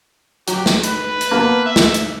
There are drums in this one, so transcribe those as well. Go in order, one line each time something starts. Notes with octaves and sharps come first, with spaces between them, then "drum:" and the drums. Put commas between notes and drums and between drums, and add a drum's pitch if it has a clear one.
F#3 G4, drum: hi-hat
drum: snare
B4, drum: hi-hat
drum: hi-hat
A#3 B3 A5
E5
drum: snare
drum: hi-hat